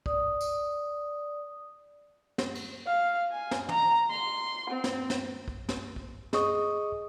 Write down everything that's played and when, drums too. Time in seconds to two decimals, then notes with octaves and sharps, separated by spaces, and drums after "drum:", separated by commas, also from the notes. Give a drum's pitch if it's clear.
0.06 D5 D#6, drum: kick
0.41 drum: tambourine
2.38 drum: snare
2.55 drum: cymbal
2.86 F5
3.32 G#5
3.51 drum: snare
3.69 A#5, drum: tom
4.10 C6
4.70 C4
4.84 drum: snare
5.10 drum: snare
5.48 drum: kick
5.69 drum: snare
5.96 drum: kick
6.33 G#4 D#5 C#6 D#6, drum: snare